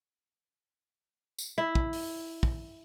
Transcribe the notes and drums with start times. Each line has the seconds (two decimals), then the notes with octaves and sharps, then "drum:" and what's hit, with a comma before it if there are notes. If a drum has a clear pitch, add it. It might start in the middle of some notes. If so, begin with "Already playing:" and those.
1.38 drum: tambourine
1.58 E4
1.75 drum: kick
1.93 drum: open hi-hat
2.43 drum: kick